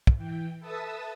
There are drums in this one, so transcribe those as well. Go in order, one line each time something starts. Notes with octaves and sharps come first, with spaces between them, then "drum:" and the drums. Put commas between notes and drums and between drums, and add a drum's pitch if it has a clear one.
drum: kick
E3 G5
A4 B4 E5 A5 D#6 E6